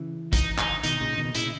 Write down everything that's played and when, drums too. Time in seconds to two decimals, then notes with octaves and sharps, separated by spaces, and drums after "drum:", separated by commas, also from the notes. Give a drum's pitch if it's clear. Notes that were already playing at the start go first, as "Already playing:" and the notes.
Already playing: C#3 E3
0.33 D#4, drum: kick, hi-hat
0.58 D#4, drum: clap
0.84 B2 D#3 D#4, drum: hi-hat
1.00 A#2 C#3
1.17 B2 D#3
1.35 A#2 C#3 E4, drum: hi-hat